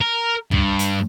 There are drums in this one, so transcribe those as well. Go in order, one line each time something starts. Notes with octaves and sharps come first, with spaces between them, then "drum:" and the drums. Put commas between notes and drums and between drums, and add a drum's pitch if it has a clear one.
A#4
G2, drum: tom
drum: hi-hat